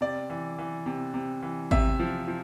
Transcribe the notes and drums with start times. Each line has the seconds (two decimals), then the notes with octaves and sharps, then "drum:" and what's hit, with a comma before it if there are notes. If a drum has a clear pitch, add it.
0.01 C3 D5
0.30 E3
0.58 E3
0.86 C3
1.14 C3
1.42 E3
1.71 C3 E5, drum: kick G#1
1.99 F3
2.28 F3